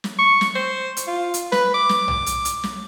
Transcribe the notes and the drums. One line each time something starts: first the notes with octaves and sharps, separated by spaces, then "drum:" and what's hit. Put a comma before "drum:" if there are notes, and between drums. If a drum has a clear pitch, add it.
drum: snare
C#6
drum: snare
C5
drum: hi-hat
F4
drum: hi-hat
B4, drum: snare
D6
drum: snare
drum: tom B1
drum: hi-hat
drum: hi-hat
drum: snare